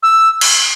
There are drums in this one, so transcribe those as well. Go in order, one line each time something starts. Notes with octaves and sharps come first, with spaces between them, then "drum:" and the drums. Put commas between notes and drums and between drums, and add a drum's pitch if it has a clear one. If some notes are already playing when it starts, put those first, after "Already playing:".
E6
drum: cymbal